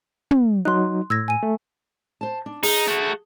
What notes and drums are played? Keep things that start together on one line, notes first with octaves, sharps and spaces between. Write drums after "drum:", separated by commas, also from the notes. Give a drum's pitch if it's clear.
drum: tom
F#3 D#4 C6 F#6
A2 E6 G#6 A#6
G#5 D#7
A3
C5 A5
D4
D#4 G#4, drum: open hi-hat
A3 F#4